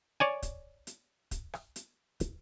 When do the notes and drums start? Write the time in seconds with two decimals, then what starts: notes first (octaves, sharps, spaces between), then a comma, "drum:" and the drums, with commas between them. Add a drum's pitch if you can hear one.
0.20 C#5 D5 G#5
0.42 drum: kick, hi-hat
0.87 drum: hi-hat
1.31 drum: kick, hi-hat
1.53 drum: rim click
1.76 drum: hi-hat
2.20 drum: kick, hi-hat